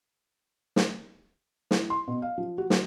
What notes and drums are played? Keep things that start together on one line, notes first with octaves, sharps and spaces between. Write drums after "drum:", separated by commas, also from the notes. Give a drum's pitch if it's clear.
drum: snare
E4, drum: snare
C6
B2
F5
F3
F#4
F#3, drum: snare